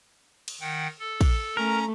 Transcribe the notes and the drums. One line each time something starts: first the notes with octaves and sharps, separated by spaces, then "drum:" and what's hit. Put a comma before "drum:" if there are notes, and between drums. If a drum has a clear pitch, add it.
drum: cymbal
D#3 F#5 G5
A4
drum: kick, cymbal
A3 C#4 A#4 A#5